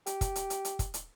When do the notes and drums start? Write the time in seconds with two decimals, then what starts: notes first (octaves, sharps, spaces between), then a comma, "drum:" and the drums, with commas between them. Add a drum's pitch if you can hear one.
0.06 G4, drum: hi-hat
0.21 drum: kick, hi-hat
0.36 drum: hi-hat
0.50 drum: hi-hat
0.65 drum: hi-hat
0.79 drum: kick, hi-hat
0.94 drum: hi-hat